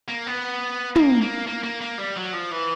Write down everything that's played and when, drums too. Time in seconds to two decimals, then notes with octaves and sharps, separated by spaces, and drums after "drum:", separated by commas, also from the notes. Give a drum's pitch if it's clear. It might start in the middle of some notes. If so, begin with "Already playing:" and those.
0.08 A#3
0.26 B3
0.96 A#3, drum: tom
1.21 A#3
1.47 A#3
1.64 A#3
1.82 A#3
1.99 G3
2.17 F#3
2.33 F3
2.51 E3